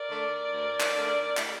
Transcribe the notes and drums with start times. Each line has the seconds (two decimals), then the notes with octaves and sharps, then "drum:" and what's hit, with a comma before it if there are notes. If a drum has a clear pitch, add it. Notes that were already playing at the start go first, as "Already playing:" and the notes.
Already playing: A#4 D5
0.09 D3 A3 D4
0.51 D2
0.80 drum: clap
0.95 D3 A3 D4
1.37 A2, drum: clap